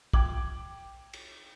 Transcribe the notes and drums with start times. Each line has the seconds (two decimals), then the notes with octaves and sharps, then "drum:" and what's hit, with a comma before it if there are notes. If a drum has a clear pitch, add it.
0.13 G5 D6 G#6 F#7, drum: kick
1.13 drum: cymbal